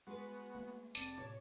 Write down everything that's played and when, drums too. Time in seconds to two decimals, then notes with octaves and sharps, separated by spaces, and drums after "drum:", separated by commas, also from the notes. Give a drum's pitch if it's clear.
0.07 G#3 B3 F#4 B4
0.55 A3 A#3
0.95 F1 C4 D5 A5, drum: tambourine
1.18 A2 C3 C#5